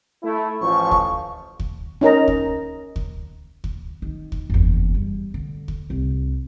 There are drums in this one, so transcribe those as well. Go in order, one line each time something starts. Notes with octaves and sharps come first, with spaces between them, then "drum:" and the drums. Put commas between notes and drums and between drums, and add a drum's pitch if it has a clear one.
A3 E4
A1 F3 C#6
drum: kick
drum: kick
C#4 D#4 A#4 A#5
drum: kick
drum: kick
drum: kick
D#3
drum: kick
F#1 E2
G3
D3
drum: kick
C2